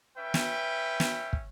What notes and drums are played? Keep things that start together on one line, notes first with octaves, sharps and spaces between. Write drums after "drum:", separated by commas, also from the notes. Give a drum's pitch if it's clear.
C#4 B4 E5 G5
drum: snare
drum: snare
drum: kick